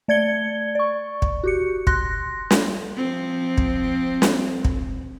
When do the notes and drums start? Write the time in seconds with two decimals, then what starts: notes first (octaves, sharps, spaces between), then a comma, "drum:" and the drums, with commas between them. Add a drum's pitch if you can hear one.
0.08 A3 D5 G#6 C#7 G7
0.75 D5 C#6
1.22 drum: kick
1.44 F#4 G4 C#7
1.87 C6 F#6 A#6, drum: kick
2.51 drum: snare
2.97 F3 C4
3.58 drum: kick
4.22 drum: snare
4.65 drum: kick